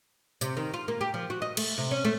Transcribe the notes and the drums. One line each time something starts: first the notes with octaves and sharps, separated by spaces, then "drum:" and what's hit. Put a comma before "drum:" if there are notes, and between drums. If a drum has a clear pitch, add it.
C3, drum: tambourine
D#3
F4
A#3
G4
F3
F#4
D#5
A3, drum: cymbal
C3
C#4
A3